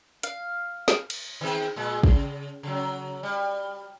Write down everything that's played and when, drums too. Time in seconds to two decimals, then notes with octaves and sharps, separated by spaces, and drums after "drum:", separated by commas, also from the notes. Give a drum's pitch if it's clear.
0.23 F5, drum: hi-hat
0.88 drum: snare
1.10 drum: cymbal
1.41 D#3 C4 G#4
1.76 A#2 G#3
2.03 C#3, drum: kick
2.63 C#3 F#3
3.23 G3